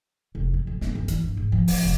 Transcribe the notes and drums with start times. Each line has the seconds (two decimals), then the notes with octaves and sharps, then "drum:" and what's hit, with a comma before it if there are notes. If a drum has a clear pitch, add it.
0.35 F1
0.54 F2
0.67 B1
0.81 B3, drum: snare
0.95 F#2
1.08 E3, drum: hi-hat
1.24 G2
1.37 G#2
1.52 F3
1.68 F3, drum: open hi-hat
1.83 F1